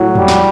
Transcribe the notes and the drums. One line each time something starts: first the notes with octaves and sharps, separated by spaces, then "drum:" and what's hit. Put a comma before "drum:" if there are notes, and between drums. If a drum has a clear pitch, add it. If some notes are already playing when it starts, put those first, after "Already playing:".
Already playing: A2 F#3
G3, drum: tom E2
drum: snare